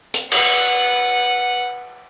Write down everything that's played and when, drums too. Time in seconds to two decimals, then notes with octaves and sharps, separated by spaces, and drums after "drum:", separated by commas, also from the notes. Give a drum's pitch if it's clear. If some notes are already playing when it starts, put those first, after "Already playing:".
0.14 drum: hi-hat
0.32 B4 F#5, drum: cymbal